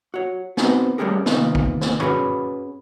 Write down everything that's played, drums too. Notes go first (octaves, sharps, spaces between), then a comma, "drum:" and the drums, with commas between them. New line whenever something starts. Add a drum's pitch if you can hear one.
F#4 C#5
B3 C4 D#4 F#4 B4 C5, drum: snare
G3 A3 C#4 G4 G#4 A#4
C3 D#3 A#3 B3 D#4 F4, drum: snare
drum: kick G#1
drum: snare
C#4 F#4 G#4 B4 C#5, drum: tom